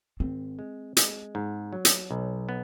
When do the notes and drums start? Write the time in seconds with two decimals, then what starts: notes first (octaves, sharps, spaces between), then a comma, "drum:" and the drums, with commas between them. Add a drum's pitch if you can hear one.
0.20 G#1 C4
0.59 G#3
0.97 G#3, drum: hi-hat
1.35 G#2
1.73 F#3
1.85 drum: hi-hat
2.11 B1
2.49 B3